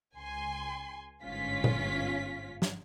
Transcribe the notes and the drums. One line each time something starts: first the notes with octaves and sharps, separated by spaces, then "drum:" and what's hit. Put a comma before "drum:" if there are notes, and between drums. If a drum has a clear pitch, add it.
C#2 G#5 C6
G1 G#2 C#4 F4 B6
drum: tom A#2
drum: snare